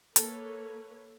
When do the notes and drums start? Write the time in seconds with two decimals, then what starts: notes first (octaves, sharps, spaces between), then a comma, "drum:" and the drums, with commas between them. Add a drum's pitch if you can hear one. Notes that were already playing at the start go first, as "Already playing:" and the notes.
0.16 A#3 A4 B4 C#5, drum: hi-hat